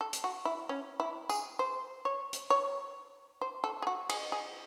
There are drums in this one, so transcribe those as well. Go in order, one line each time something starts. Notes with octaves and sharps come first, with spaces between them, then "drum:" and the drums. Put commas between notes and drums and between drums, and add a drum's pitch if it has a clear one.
A4
drum: hi-hat
F#4
E4
C#4
E4
G#4, drum: tambourine
C5
C#5
drum: hi-hat
C#5
C5
A4
G#4
F#4
G#4, drum: cymbal
G#4